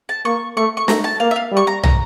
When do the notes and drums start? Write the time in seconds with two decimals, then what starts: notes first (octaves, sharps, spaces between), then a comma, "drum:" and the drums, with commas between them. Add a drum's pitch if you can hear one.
0.09 A5
0.25 A#3 C#6
0.57 A3 C#6
0.77 C#6
0.88 A3 A#5, drum: snare
1.04 A5
1.20 A#3 F5
1.31 E5
1.36 F5
1.52 G3
1.57 C#6
1.67 A#5
1.83 A#5, drum: tom